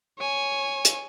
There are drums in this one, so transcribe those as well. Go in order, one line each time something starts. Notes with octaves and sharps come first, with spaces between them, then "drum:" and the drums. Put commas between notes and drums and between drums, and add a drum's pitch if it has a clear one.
C#5 G#5
drum: hi-hat